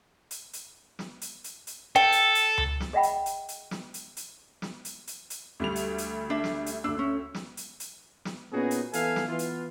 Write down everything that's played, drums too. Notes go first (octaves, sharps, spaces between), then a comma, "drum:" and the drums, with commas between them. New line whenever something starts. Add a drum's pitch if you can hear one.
drum: hi-hat
drum: hi-hat
drum: snare
drum: hi-hat
drum: hi-hat
drum: hi-hat
A4 G5
drum: hi-hat
drum: hi-hat
drum: tom C#2
drum: snare
G#4 D#5 E5 F#5 G5 B5
drum: hi-hat
drum: hi-hat
drum: hi-hat
drum: snare
drum: hi-hat
drum: hi-hat
drum: snare
drum: hi-hat
drum: hi-hat
drum: hi-hat
D2 G3 F7
drum: hi-hat
drum: hi-hat
D4 E5
drum: snare
drum: hi-hat
D2 D4 E6
C#4
drum: snare
drum: hi-hat
drum: hi-hat
drum: snare
A#2 B3 C#4 D#4 F#4 G#4
drum: hi-hat
E3 B3 A4 E5 F5 G#5, drum: hi-hat
drum: snare
E3 B3 F4
drum: hi-hat